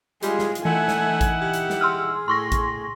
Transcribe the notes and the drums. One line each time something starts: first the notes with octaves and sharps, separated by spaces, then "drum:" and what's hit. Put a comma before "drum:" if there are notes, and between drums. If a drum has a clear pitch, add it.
G3 G#3 F4 G#4, drum: hi-hat
drum: snare
drum: hi-hat
E3 A3 D#4 E4 F#5 G#5
drum: snare
drum: kick A1, hi-hat
G4
drum: hi-hat
drum: snare
G#4 C6 E6 F6
A2 C6 C#6 A#6
drum: kick A1, hi-hat